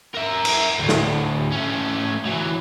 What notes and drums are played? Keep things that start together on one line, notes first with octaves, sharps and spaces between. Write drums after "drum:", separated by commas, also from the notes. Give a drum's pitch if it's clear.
A#4 E5
drum: cymbal
D2 A2
drum: snare
A3 C#4
E3 F#3